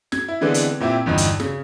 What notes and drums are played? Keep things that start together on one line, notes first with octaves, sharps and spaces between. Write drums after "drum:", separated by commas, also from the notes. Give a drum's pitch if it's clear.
G#6, drum: snare
E4
D3 E3 G#3 B3 C4 D4
drum: hi-hat
A#2 C4 E4 G4
G1 E2 G2 F3 D#4
drum: hi-hat
C#3, drum: snare